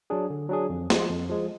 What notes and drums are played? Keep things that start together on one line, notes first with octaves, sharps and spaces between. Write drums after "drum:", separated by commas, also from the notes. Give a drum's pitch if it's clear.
F#3 D4 G#4
D3
F#3 D4 G#4
F2
F3 G#3, drum: snare
F2
F3 G#3